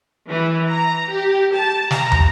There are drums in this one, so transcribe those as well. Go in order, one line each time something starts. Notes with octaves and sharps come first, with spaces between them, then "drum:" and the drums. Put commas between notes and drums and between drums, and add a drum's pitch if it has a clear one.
E3
A#5
G4
A5
A#5, drum: snare
drum: tom